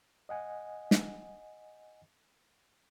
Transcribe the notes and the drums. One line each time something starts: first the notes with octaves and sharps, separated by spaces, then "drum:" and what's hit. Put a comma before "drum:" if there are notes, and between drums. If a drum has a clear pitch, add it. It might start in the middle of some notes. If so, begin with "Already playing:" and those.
D#5 F#5 G#5
drum: snare